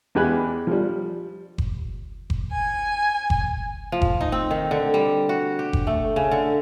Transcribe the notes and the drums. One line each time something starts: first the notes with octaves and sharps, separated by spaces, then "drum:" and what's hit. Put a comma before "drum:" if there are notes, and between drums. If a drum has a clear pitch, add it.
E2 G#3 G4 G#5 B5 F#6
F3 G3
drum: kick F#1
drum: kick F#1
G#5
drum: kick F#1
F3
drum: kick F#1
D#4
C4
D#3
D3
G3
F#4
G4
drum: kick F#1
A3
C#3
D3